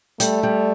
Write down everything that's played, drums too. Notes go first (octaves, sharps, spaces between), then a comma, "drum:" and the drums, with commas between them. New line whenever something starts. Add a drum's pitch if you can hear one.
G3 A3, drum: hi-hat
G3